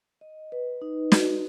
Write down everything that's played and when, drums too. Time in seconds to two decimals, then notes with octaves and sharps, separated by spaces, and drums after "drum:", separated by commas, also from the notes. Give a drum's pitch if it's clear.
0.21 D#5
0.52 B4
0.82 D#4
1.12 F#4, drum: snare